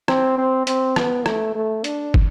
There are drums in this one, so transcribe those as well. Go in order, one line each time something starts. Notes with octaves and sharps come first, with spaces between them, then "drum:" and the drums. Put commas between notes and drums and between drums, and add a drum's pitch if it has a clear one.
C4, drum: rim click
C4
C4, drum: hi-hat
B3, drum: rim click
A3, drum: rim click
A3
D4, drum: hi-hat
drum: kick